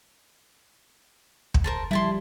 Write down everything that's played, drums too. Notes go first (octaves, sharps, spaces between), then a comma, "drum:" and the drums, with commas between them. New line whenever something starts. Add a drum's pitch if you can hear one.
drum: kick
A#4 C5 A5
F3 G3 E4 A5 C6